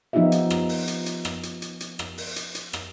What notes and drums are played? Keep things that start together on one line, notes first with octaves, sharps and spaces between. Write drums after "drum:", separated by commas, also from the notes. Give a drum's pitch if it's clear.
F3 B3 D#4 F4 G4 E5
drum: hi-hat
drum: rim click
drum: open hi-hat
drum: hi-hat
drum: hi-hat
drum: rim click
drum: hi-hat
drum: hi-hat
drum: hi-hat
drum: rim click
drum: open hi-hat
drum: hi-hat
drum: hi-hat
drum: rim click